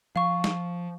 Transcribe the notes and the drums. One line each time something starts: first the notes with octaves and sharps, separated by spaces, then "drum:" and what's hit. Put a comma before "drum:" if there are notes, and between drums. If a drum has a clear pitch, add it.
F3 F5 C#6
drum: snare